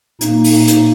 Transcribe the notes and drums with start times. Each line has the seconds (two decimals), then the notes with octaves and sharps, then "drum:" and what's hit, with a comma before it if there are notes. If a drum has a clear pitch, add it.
0.21 A#2 A#3 D#4, drum: hi-hat
0.44 drum: open hi-hat
0.68 drum: hi-hat